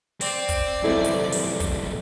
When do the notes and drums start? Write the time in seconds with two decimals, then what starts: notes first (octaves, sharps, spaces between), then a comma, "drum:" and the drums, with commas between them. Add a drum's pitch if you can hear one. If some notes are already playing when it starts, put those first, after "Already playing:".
0.21 C4 D5, drum: open hi-hat
0.49 drum: kick, hi-hat
0.84 B1 G2 C4 E4 A4
1.04 drum: hi-hat
1.32 drum: open hi-hat
1.60 drum: kick, hi-hat